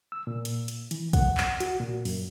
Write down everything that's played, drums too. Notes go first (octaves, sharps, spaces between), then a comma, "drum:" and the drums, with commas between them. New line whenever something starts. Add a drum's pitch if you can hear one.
E6
A#2
drum: hi-hat
drum: hi-hat
E3, drum: hi-hat
F#5, drum: kick, hi-hat
drum: clap
F#4, drum: hi-hat
A#2
F#2, drum: open hi-hat